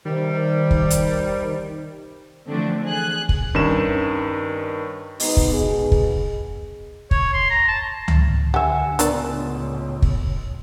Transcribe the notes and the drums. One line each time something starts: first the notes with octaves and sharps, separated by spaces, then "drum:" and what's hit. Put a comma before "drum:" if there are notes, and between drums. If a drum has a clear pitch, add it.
C3 D#3 G3
drum: kick
drum: hi-hat
D3 E3 F3 A3 C4 D4
G#4 F#6
drum: kick
G2 D#3 C#4 E7
G#3 B3 D#4, drum: open hi-hat
drum: kick
B2 G#4
drum: kick
C#5, drum: kick
C6
A#5
A5
drum: tom C#2
D3 G4 E5 F#5 G#5 E6
C#2 A2 B3 D4 A#4 D5 E6, drum: hi-hat
drum: kick